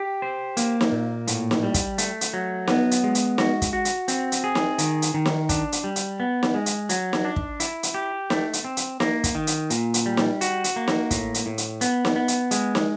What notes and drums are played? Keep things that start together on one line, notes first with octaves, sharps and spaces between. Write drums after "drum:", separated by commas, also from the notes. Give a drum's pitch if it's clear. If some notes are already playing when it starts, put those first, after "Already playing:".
Already playing: G4
C5
A#3, drum: hi-hat
drum: snare
A#2
A2, drum: hi-hat
drum: snare
G3
drum: kick, hi-hat
A3, drum: hi-hat
drum: hi-hat
F#3
B3, drum: snare
drum: hi-hat
G#3
drum: hi-hat
F#4, drum: snare
drum: kick, hi-hat
F#4
drum: hi-hat
C4, drum: hi-hat
drum: hi-hat
G#4
drum: snare
D#3, drum: hi-hat
drum: hi-hat
D#3
drum: snare
D4, drum: kick, hi-hat
drum: hi-hat
G3
drum: hi-hat
B3
drum: snare
G#3
drum: hi-hat
F#3, drum: hi-hat
drum: snare
D4
drum: kick
E4, drum: hi-hat
drum: hi-hat
G4
A3, drum: snare
drum: hi-hat
C4
drum: hi-hat
A#3, drum: snare
drum: kick, hi-hat
D#3
drum: hi-hat
A#2, drum: hi-hat
drum: hi-hat
G3
drum: snare
F#4, drum: hi-hat
drum: hi-hat
A#3
drum: snare
A2, drum: kick, hi-hat
drum: hi-hat
A2
drum: hi-hat
B3, drum: hi-hat
drum: snare
B3
drum: hi-hat
G#3, drum: hi-hat
drum: snare